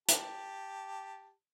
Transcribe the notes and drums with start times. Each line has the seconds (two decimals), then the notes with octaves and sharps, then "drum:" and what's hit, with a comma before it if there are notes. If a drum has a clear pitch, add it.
0.08 G4 A5, drum: hi-hat